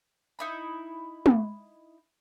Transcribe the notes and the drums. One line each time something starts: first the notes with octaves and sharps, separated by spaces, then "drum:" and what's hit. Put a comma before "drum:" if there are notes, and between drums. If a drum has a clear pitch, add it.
D#4 E4 B5
drum: tom